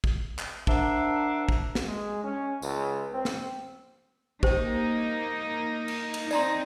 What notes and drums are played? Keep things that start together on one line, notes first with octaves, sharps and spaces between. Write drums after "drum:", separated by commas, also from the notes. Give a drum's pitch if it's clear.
drum: kick
drum: clap
D4 A#4 C5 E5 F#5, drum: kick
drum: kick
drum: snare
G#3
C#4
C#2, drum: tambourine
C4
drum: snare
A#3 D#4 G4 C5 G5, drum: kick
drum: cymbal
drum: cymbal
C4 D#4 D5 A#5 C6, drum: tambourine